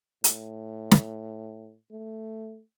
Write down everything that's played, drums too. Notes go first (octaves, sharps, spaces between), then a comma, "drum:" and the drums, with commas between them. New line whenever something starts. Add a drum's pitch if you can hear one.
A2, drum: hi-hat
drum: snare
A3